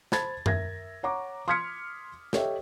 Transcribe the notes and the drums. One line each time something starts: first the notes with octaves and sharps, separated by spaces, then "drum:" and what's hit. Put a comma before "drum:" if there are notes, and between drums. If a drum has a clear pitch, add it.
C5 A5 B5 G#6 A6, drum: snare
A#4 E5 G#6 A#6, drum: tom F#2
C#5 F#5 A#5 C#6 D6
C6 D#6 F6 G#6 B6 C#7
G4 A4 C#5 D#5 E5 G5, drum: snare